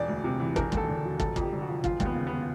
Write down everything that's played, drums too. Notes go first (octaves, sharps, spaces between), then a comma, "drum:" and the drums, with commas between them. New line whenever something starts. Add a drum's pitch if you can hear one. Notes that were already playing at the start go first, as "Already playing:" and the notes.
Already playing: E1 D5
D2
C3
E3
E1 A#4, drum: kick
D#2, drum: kick
A4
D3
F#3
F1 A4, drum: kick
F2, drum: kick
G4
D3
F#4
F3
E1 F4, drum: kick
D#2, drum: kick
B3
C#3
B3